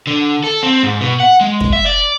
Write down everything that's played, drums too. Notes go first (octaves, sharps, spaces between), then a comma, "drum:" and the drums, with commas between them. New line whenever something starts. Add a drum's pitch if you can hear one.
D3
A4
C4
G#2
B2
F#5
G#3
drum: kick
E5
D5